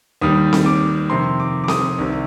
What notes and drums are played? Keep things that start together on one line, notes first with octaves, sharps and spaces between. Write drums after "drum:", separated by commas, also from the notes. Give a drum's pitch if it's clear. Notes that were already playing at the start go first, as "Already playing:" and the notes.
D#2 D#3 G3 D#6
drum: snare C4
D6
F2 C3 D#3 C6
D6
D6
D#6, drum: snare C4
C2 C3 D#3